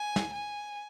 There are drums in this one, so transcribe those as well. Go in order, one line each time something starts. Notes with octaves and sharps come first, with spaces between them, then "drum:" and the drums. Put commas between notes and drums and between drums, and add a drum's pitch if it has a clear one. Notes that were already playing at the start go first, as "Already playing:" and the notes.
Already playing: G#5
drum: snare
G#5